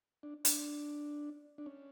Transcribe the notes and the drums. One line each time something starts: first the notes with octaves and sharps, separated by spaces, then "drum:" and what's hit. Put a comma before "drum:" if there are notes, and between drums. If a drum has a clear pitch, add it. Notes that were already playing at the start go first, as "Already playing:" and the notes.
D4
D4, drum: hi-hat
D4
C#4